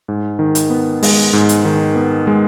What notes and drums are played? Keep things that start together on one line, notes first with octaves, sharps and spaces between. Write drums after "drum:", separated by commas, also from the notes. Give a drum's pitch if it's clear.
G#2
D#3
drum: hi-hat
B3
G#3, drum: open hi-hat
G#2
drum: hi-hat
D#3
B3
G#3